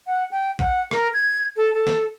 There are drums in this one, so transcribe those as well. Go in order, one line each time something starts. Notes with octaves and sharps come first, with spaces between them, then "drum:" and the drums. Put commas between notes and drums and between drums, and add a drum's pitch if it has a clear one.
F#5
G5
F#5, drum: kick A#1
A#4, drum: rim click
G#6
A4
A4
drum: snare